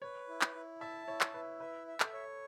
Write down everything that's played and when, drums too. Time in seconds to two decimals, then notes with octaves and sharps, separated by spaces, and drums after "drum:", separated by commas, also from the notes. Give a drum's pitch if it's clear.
0.02 B4 C#5
0.28 E4
0.41 drum: clap
0.55 E4
0.80 E5 A5
1.07 E4 C#5
1.21 drum: clap
1.34 E4 B4
1.60 B4 E5
1.87 E5
2.00 A4, drum: clap
2.13 C#5